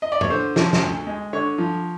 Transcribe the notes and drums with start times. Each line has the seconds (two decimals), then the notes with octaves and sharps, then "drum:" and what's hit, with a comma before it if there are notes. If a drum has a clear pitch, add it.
0.02 D#5
0.12 D5
0.21 C#5, drum: tom
0.30 D3 C5
0.56 F3, drum: snare
0.73 drum: snare
0.82 D2
1.07 G#3
1.33 D3 C#5
1.58 F3